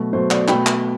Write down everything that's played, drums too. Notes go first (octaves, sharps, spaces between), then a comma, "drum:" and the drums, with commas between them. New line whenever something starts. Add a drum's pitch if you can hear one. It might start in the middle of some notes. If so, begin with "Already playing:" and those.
Already playing: B2 F#3 A3
B2 F#3 A3 C5
D5, drum: clap
B2 A3 G5 B5, drum: clap
drum: clap